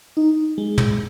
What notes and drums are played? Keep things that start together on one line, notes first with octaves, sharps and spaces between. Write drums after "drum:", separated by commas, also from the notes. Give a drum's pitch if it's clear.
D#4
G#3
drum: tom